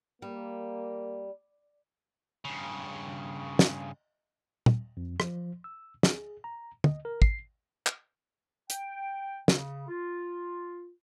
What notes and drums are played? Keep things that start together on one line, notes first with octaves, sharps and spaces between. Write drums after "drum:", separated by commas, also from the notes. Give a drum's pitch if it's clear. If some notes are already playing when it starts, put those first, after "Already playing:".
G3 A#3
G2 C#3
drum: snare
drum: tom A#2
F2
F3, drum: rim click
E6
G#4, drum: snare
A#5
D#5, drum: tom
A#4
C7, drum: kick
drum: clap
G5, drum: hi-hat
C#3, drum: snare
F4